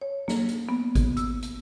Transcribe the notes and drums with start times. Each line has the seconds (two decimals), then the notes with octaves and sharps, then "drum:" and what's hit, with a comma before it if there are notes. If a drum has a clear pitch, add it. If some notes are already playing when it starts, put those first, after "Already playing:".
0.01 C#5
0.28 A#3, drum: snare
0.48 drum: hi-hat
0.69 B3
0.95 drum: kick G#1, hi-hat
1.17 E6, drum: hi-hat
1.42 drum: hi-hat